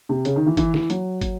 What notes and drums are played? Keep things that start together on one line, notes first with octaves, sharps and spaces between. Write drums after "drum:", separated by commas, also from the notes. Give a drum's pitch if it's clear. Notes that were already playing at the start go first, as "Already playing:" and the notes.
C3
C#3, drum: hi-hat
D#3
E3
E3, drum: kick, hi-hat
E3, drum: snare
F#3, drum: hi-hat
F#3, drum: kick, hi-hat